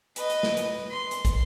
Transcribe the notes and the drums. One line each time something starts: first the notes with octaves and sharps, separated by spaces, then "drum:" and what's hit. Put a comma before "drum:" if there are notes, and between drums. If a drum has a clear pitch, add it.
B4 D#5, drum: hi-hat
drum: hi-hat
drum: snare
drum: hi-hat
C6
drum: hi-hat
drum: kick, hi-hat